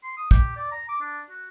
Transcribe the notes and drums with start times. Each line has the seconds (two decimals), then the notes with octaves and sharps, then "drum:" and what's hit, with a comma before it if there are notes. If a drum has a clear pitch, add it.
0.03 C6
0.17 D#6
0.31 G4, drum: kick
0.56 D5
0.72 A#5
0.89 D6
1.01 D4
1.30 F#4